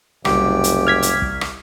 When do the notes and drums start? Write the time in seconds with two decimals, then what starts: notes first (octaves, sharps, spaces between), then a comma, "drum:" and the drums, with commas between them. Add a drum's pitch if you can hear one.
0.25 F#1 C2 G4, drum: rim click
0.64 drum: hi-hat
0.87 F6 G#6 B6
1.02 drum: hi-hat
1.22 drum: kick
1.41 drum: rim click